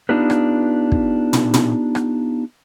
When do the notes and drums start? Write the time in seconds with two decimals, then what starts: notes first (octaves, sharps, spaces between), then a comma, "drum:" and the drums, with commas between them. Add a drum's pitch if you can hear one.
0.09 B3 D4 D#4 F4 G4 B4
0.30 drum: rim click
0.92 drum: kick
1.33 drum: tom
1.54 drum: tom
1.95 drum: rim click